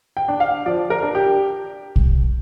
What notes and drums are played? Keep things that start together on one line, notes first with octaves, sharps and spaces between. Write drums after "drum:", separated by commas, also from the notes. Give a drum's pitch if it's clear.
G5
D4
F5
F3 D5
A#4
D4
G4
drum: kick